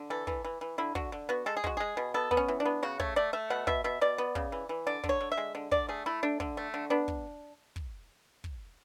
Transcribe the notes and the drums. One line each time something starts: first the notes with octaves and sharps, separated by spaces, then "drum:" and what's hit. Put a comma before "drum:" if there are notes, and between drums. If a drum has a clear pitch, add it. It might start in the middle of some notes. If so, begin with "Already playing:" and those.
Already playing: D3
E3 A4
E3, drum: kick
E3
E3
D3 E4
D3 F#4, drum: kick
D3
B3 F#4
G#3 A4
G#4
G#3 F#4, drum: kick
G#3 G#4
B2
B3 A4
B3, drum: kick
C#4
E3
D4
B3
C#3 F#4
A3 C#5, drum: kick
A3 D5
A3 E5
B2 F#5
B2 E5, drum: kick
B2 E5
B2 D5
B3
C#3, drum: kick
E3
E3
D3 D5
D3, drum: kick
C#5
D3
E5
G#3
D3
D3 D5, drum: kick
A3 G#4
A3 E4
A3 D4
D3, drum: kick
A3
D3
B3 D4
drum: kick
drum: kick
drum: kick